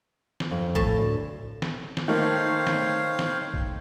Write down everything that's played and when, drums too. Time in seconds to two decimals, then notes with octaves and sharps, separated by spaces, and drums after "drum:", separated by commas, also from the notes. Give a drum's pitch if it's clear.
0.40 drum: snare
0.51 F2
0.75 A2 A5, drum: kick A#1
0.99 D2
1.62 drum: snare
1.97 drum: snare
2.08 D#3 A3 A#3 C5 C#5 F5
2.67 drum: snare
3.19 drum: snare
3.54 drum: kick A#1